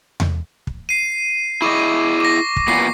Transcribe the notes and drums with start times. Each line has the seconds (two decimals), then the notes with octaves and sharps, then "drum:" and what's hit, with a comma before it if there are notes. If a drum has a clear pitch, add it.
0.20 drum: tom E2
0.67 drum: kick
0.89 C7 D#7
1.62 E4 G#4 D#5 C#6 D6
2.20 D6 A#6
2.56 drum: kick
2.68 E2 A#2 B3 C7